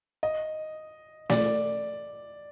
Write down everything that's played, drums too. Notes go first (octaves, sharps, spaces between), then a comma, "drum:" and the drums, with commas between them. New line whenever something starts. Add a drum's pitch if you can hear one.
D#5
D5, drum: snare